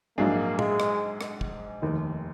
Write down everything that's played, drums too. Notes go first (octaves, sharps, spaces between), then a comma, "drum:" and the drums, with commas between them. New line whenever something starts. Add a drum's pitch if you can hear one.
A#1 G#2 F#3 A#3 D4 G#4
G#3, drum: tom
drum: rim click
drum: rim click
drum: kick
F1 D#2 D#3